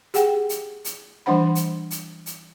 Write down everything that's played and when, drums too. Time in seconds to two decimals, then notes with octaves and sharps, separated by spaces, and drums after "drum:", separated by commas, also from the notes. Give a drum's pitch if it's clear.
0.14 G4 G#4 F#5 G5, drum: hi-hat
0.49 drum: hi-hat
0.85 drum: hi-hat
1.26 E3 G3 D4 C5 F#5 B5
1.55 drum: hi-hat
1.91 drum: hi-hat
2.26 drum: hi-hat